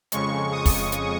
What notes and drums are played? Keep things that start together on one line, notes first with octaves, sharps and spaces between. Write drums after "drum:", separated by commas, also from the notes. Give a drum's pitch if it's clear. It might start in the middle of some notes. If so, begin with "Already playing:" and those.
F2 C#3 G#3 C#6, drum: hi-hat
D#6
drum: kick, open hi-hat
drum: hi-hat